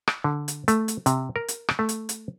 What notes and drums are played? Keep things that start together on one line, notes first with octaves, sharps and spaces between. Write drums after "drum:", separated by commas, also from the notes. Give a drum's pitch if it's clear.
drum: rim click
D3
drum: hi-hat
A3, drum: hi-hat
drum: hi-hat
C3, drum: hi-hat
A#4
drum: hi-hat
drum: rim click
A3
drum: hi-hat
drum: hi-hat